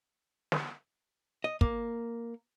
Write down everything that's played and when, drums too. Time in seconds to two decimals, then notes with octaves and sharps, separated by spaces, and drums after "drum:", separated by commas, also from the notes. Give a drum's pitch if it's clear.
0.52 drum: snare
1.44 D#5
1.61 A#3, drum: kick